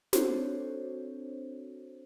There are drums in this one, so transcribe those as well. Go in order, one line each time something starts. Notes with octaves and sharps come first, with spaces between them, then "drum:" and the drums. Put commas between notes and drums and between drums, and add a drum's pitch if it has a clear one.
C4 D4 F#4 A4 C5 C#5, drum: snare